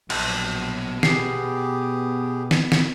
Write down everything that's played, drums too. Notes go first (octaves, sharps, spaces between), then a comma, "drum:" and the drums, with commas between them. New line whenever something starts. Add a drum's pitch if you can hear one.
A#1 B2 F#3 A5, drum: cymbal
B3 G4 G#4 C7, drum: snare
drum: snare
drum: snare